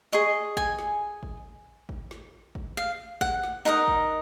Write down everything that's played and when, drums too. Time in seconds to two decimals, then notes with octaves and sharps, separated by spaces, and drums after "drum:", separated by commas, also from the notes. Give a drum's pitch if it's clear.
0.12 G#4 D#5 C#6
0.57 G#5, drum: kick
0.79 drum: snare
1.23 drum: kick
1.89 drum: kick
2.11 drum: snare
2.55 drum: kick
2.77 F5
3.21 F#5, drum: kick
3.43 drum: snare
3.65 D#4 A#4 D#5 F#5
3.88 drum: kick